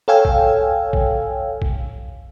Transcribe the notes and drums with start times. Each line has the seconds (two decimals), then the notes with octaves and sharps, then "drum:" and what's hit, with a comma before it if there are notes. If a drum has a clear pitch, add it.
0.08 A4 C#5 F5 G5 G#5 E6
0.25 drum: kick A#1
0.93 drum: kick A#1
1.62 drum: kick A#1